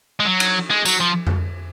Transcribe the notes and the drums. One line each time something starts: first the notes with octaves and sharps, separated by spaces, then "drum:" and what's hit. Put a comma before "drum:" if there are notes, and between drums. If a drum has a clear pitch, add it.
G#3
F#3
drum: cymbal
G#3
F#3, drum: tambourine
F3
drum: tom F2